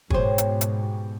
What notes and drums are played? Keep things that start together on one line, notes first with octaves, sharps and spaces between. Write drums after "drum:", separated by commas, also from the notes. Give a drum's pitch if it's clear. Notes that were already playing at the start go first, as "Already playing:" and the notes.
G#2 B2 G4 G#4 C5 C#5, drum: kick
drum: hi-hat
drum: hi-hat